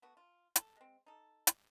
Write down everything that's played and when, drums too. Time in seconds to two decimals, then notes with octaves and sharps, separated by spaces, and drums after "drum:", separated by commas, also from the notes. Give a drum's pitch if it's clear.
0.02 A3 B3 F#4
0.17 F4
0.56 A4, drum: hi-hat
0.76 G#3 C4
1.06 D#4 A4
1.47 drum: hi-hat